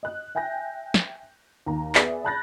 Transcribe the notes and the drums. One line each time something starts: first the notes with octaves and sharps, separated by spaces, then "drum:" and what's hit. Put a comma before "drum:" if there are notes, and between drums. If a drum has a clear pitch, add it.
D#5 F#6
E5 G5 G#5 G6 A#6
drum: snare
D#2 A#5
B3 G#4 D5 E5, drum: clap
A5 B5 F#6 G6 A6 A#6